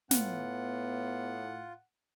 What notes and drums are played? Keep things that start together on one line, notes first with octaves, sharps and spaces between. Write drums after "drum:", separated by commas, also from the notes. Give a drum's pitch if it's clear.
A2 B3 F4 F#5, drum: snare